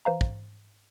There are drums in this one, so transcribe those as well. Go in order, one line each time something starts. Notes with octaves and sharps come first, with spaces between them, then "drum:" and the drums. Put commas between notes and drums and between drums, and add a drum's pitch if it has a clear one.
E3 C5 F5 A#5
drum: kick